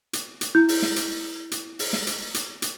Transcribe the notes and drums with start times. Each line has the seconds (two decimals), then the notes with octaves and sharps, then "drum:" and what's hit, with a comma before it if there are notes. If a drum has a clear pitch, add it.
0.13 drum: hi-hat
0.41 drum: hi-hat
0.55 E4 G6
0.69 drum: open hi-hat
0.82 drum: snare
0.96 drum: hi-hat
1.51 drum: hi-hat
1.79 drum: open hi-hat
1.93 drum: snare
2.07 drum: hi-hat
2.34 drum: hi-hat
2.62 drum: hi-hat